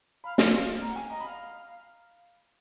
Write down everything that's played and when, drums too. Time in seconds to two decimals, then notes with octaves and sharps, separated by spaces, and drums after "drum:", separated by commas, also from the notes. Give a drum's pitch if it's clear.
0.24 F5 B5
0.38 F5, drum: snare
0.53 F5
0.82 A#5
0.89 F#5
0.96 G#5
1.10 D#5 A#5
1.20 B5
1.24 F5